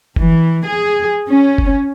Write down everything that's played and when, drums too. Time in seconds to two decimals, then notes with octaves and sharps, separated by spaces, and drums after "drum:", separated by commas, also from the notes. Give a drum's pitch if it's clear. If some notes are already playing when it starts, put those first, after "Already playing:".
0.16 E3, drum: kick F#1
0.65 G#4
1.28 C#4
1.58 drum: kick F#1